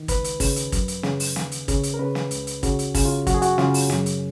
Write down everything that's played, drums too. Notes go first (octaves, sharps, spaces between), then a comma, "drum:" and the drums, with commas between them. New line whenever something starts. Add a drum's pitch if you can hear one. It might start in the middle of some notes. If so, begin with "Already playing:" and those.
Already playing: D#3
C#2 B4, drum: kick, hi-hat
drum: hi-hat
C#3, drum: kick, open hi-hat
drum: hi-hat
F#2, drum: kick, hi-hat
drum: hi-hat
C#3, drum: snare
drum: open hi-hat
D#2, drum: snare
drum: hi-hat
C#3, drum: kick, hi-hat
drum: hi-hat
A#4
C#3 B4
drum: snare
C#2, drum: hi-hat
drum: hi-hat
C#3 F#4, drum: kick, hi-hat
drum: hi-hat
C#3, drum: kick, open hi-hat
F4
F#2 F#4, drum: kick, hi-hat
G#4
F#4, drum: hi-hat
C#3 F4, drum: snare
drum: open hi-hat
F#2, drum: snare
drum: hi-hat